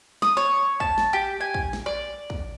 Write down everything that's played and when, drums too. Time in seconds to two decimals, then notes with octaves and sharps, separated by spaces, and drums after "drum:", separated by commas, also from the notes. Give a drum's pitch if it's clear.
0.22 D#6, drum: snare
0.37 C#5
0.80 A5, drum: kick
0.98 drum: snare
1.13 G4
1.41 G#5
1.54 drum: kick
1.73 drum: snare
1.86 D5
2.30 drum: kick